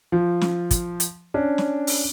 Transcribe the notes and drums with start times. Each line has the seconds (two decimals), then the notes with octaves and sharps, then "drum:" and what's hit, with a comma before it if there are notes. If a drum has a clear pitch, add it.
0.12 F3
0.41 drum: snare
0.71 drum: kick, hi-hat
1.00 drum: hi-hat
1.34 C#4 D4
1.58 drum: snare
1.87 drum: open hi-hat